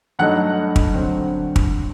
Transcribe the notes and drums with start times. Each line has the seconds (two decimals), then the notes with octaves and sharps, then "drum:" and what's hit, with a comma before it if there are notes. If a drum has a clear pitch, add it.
0.19 G2 F#3 A3 D#4 F#5 F#6
0.76 drum: kick
0.94 D3 F#3 C4
1.56 drum: kick